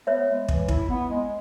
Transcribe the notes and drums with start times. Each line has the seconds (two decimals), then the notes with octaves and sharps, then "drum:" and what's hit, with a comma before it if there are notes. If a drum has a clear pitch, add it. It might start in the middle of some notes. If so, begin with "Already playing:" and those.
0.07 B3 C#5 E5
0.28 G#3
0.48 E3, drum: kick
0.68 E4, drum: kick
0.89 B3
1.09 G#3